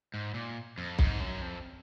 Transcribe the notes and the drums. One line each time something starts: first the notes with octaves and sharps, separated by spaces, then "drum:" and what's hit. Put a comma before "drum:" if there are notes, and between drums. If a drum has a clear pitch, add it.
G#2
A#2
F2
G#2, drum: kick B1
F#2
F2